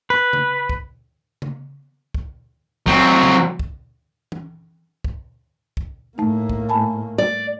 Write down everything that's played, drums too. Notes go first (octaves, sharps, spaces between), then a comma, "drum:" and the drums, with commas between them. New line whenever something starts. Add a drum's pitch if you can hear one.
B4
drum: tom C#3
drum: kick
drum: tom C#3
drum: kick
F#3 C4, drum: kick
drum: tom C#3
drum: kick
drum: tom
drum: kick
drum: kick
A2 A3 A#3 D#4
drum: kick
G#5 A5 B5
D5